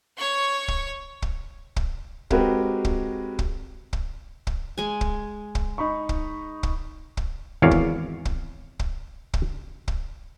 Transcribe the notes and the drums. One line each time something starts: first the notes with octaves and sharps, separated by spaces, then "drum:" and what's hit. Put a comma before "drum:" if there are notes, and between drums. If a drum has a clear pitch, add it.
C#5 C#6
drum: kick
drum: kick
drum: kick
G#3 C4 F#4 G4 A#4 B4, drum: kick
drum: kick
drum: kick
drum: kick
drum: kick
G#3 G#5
drum: kick
drum: kick
D#4 B5 C#6
drum: kick
drum: kick
drum: kick
G#1 E2 C#5 D5 F5
drum: kick
drum: kick
drum: kick
drum: kick
drum: kick